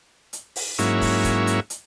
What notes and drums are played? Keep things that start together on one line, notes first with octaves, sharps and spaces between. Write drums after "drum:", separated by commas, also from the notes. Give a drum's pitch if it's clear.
drum: hi-hat
drum: open hi-hat
G#2 F#3 A#3 C#4 E4, drum: hi-hat
drum: kick, open hi-hat
drum: kick, hi-hat
drum: hi-hat
drum: hi-hat